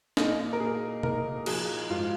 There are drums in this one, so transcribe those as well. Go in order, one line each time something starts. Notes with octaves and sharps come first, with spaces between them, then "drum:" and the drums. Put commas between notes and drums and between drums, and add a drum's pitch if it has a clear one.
A#2 D#4, drum: snare
A#4
A#2 G#4
A#2 A#4, drum: tom C3
F3 G#4, drum: cymbal
G#2 F4